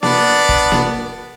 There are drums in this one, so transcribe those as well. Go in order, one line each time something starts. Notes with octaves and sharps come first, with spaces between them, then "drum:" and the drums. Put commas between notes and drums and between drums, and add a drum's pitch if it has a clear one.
B3 D4 D5, drum: snare A#3
drum: kick
drum: snare A#3